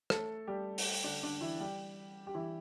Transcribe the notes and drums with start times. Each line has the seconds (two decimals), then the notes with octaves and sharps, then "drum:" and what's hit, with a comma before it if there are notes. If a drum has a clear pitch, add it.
0.10 A3 A4, drum: rim click
0.47 G3 G4
0.78 drum: open hi-hat
1.04 D3 D4
1.23 D3 D4
1.41 E3 E4
1.60 G3 G4
2.27 G4
2.34 E3 E4